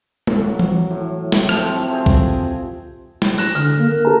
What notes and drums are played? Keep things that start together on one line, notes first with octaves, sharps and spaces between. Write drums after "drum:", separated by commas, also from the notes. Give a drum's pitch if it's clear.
G2, drum: tom G#3
F#3
drum: tom E3
A2
drum: snare
C3 F3 A3 C4, drum: rim click
C4 G#4
drum: kick
drum: snare
F#6 A#6 E7, drum: open hi-hat
D3 F6
A#3
A#4
A4 A#5